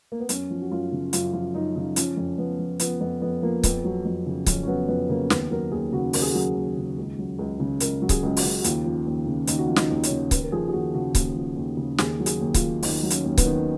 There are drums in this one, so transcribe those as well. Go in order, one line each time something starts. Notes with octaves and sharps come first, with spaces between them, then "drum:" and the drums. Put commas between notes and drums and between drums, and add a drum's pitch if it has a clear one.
A#3
B3
F#2 C#4, drum: hi-hat
F3
F#4
F#2 F4
C#3
F#2 F4, drum: hi-hat
F3 F4
F#2 D#4
C#3 D#4
F3 C#4, drum: hi-hat
F2
F2 B3
F3
F3 B3, drum: hi-hat
F2 B3
F2 B3
F3 A#3
F2 B3, drum: kick C#1, hi-hat
F#3
F2
C#3
F2 C#4, drum: kick C#1, hi-hat
C#4
F#3 B3
F2 B3
C#3 A#3
D#2 B3, drum: snare
F#3 A#4
D#2 G#4
C#3 F#4
D#2 A#4, drum: open hi-hat
G#4
F#4
F#3 G#4
D#2
C#3
C#2
F#3
C#2
C#3
C#2 A#4, drum: hi-hat
F#3
G#4, drum: kick C#1, hi-hat
C#2
F#4, drum: open hi-hat
C#3
F#4
D#2 F4, drum: hi-hat
F3
D#2
C#3
D#2 D#4, drum: hi-hat
F#4
F3 F4
D#4, drum: snare
D#2
C#5, drum: hi-hat
C#3
D#2 B4, drum: kick C#1, hi-hat
A#4
F3 G#4
G#4
D#2 F#4
C#3 F#4
D#2, drum: kick C#1, hi-hat
F3
D#2
C#3
D#2 G#4, drum: snare
F#3
G#4, drum: hi-hat
D#2
F4, drum: kick C#1, hi-hat
D#3
D#2 D#4, drum: open hi-hat
F#3
C#4, drum: hi-hat
D#2
B3, drum: kick C#1, hi-hat
D#3